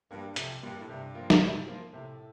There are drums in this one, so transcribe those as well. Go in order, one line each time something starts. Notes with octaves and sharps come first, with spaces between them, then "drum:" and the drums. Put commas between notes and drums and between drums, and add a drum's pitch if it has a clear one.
G2 G3 A#3
G2
F2 C3, drum: hi-hat
G2 G3 A#3
A2
G2 C3
F3 A#3 F4
drum: snare
C3
F3 A#3 F4
A2 C3